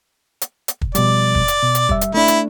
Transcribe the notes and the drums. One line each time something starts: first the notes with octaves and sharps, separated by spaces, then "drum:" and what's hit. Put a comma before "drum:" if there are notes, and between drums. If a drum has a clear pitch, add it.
drum: hi-hat
drum: hi-hat
drum: kick
B2 F3 G3 D5, drum: hi-hat
drum: kick
drum: hi-hat
B2
drum: hi-hat
G3 E5, drum: kick
drum: hi-hat
A3 D4 E4
drum: hi-hat